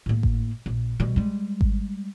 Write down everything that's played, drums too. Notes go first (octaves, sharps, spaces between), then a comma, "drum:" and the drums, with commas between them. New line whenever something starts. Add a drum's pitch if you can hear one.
A2 A#3
drum: kick G#1
A#1
B2 G3
G3 G#3
drum: kick G#1